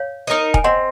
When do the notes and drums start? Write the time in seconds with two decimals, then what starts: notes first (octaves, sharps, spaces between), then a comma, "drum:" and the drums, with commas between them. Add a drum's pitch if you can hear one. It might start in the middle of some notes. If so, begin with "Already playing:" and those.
Already playing: C#5 F5
0.27 D#4 A#4 D#5
0.54 G#5, drum: kick
0.64 C4 D#5 F#5